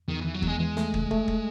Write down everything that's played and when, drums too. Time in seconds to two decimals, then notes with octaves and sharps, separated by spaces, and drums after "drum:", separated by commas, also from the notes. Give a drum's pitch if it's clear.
0.08 E2 D#3
0.21 D#3 E3
0.34 F#3
0.42 E2 G#3, drum: kick
0.59 E3 G#3
0.77 A3, drum: snare
0.94 C#2, drum: kick
1.11 A3, drum: kick
1.28 drum: kick